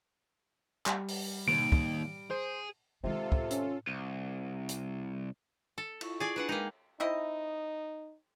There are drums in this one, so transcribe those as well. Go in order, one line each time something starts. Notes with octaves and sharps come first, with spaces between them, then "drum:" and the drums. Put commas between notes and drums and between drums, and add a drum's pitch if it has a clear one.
G3, drum: clap
drum: open hi-hat
D#2 D7, drum: tom B2
drum: kick
G#4 C5
C3 D#3 G#3 F4 A4
drum: kick
C#4, drum: hi-hat
C2
drum: hi-hat
A4
E4 F4 C#6, drum: cymbal
G#4 D5 G#5
D4 B4 F#5
G#3 A#3 D#4 G5
C4 D#4 E4 D#5